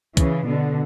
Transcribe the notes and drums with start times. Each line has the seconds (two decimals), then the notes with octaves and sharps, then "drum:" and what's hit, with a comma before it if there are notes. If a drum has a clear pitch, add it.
0.17 C#3 E3, drum: kick, hi-hat
0.47 B2 D3